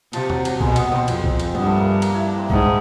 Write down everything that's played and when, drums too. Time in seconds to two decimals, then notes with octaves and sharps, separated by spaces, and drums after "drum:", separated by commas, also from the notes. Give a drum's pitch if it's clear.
0.13 C3 F3, drum: cymbal
0.30 F#3, drum: tom E2
0.45 F#3, drum: cymbal
0.60 B2 G#3, drum: kick B1
0.76 B3, drum: cymbal
0.92 C4, drum: tom
1.08 F2, drum: cymbal
1.24 drum: kick B1
1.40 drum: cymbal
1.55 G2 B3, drum: tom G#3
1.67 A3
1.80 A#3
2.02 A#3, drum: cymbal
2.14 E4
2.26 D4
2.37 C4
2.50 G#2 B3, drum: kick B1